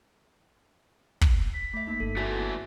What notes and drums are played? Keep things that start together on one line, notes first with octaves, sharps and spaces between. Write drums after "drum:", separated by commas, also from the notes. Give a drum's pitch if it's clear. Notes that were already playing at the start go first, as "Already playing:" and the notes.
drum: kick
B6
A3 E5
A#3 D#4
G1 A4
E2 E3 A3 F#4 G#5 A#6